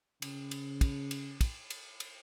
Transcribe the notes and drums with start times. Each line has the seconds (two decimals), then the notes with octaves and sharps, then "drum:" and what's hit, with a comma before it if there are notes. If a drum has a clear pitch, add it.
0.22 C#3, drum: cymbal
0.51 drum: cymbal
0.81 drum: kick, cymbal
1.11 drum: cymbal
1.41 drum: kick, cymbal
1.70 drum: cymbal
2.00 drum: cymbal